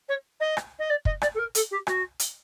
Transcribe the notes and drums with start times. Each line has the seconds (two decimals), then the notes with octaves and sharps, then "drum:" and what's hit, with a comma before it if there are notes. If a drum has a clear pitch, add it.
0.08 C#5
0.40 D#5
0.57 drum: rim click
0.79 D#5
0.89 D5
1.05 D#5, drum: kick
1.22 D5, drum: rim click
1.34 A4
1.38 A#4
1.55 A4, drum: hi-hat
1.71 G4
1.87 F#4, drum: rim click
2.19 drum: hi-hat